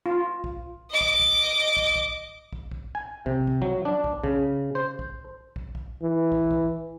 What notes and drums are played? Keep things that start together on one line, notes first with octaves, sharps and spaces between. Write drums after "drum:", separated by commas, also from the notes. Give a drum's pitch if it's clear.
F4
drum: kick
D#5 D6
drum: kick
drum: kick
drum: kick
drum: kick
drum: kick
drum: kick
G#5
C3, drum: kick
drum: kick
F#3
D4
drum: kick
C#3, drum: kick
C5
drum: kick
drum: kick
drum: kick
E3
drum: kick
drum: kick